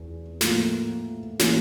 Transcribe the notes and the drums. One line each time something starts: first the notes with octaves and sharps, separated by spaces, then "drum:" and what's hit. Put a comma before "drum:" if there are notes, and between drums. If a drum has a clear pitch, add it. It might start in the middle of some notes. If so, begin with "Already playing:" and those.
Already playing: E2
A2 F3 A#3, drum: snare
A2 E3 A#3 C#4, drum: snare